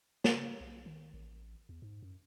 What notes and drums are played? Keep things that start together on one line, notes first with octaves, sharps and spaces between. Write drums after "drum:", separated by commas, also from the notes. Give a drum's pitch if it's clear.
C#3, drum: snare
B1
D#3
A1
E2
G#2
F#2